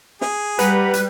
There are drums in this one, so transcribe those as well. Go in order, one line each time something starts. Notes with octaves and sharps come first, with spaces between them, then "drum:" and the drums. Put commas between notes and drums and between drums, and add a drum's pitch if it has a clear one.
G#4, drum: snare
G3 B4 F#5 A#5 B5, drum: hi-hat
drum: hi-hat